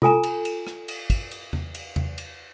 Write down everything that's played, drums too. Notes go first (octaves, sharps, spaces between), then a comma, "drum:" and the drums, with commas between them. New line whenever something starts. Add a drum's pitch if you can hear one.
F4 A4 G#5 A#5, drum: tom C3
drum: cymbal
drum: cymbal
drum: rim click
drum: cymbal
drum: kick, cymbal
drum: cymbal
drum: tom E2
drum: cymbal
drum: tom E2
drum: cymbal